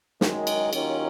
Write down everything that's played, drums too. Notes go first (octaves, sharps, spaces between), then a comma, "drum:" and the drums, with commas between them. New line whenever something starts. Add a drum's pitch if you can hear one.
F#2 D#3 G#3, drum: snare
drum: cymbal
D#2 D#3 F#3 C#4 F4, drum: cymbal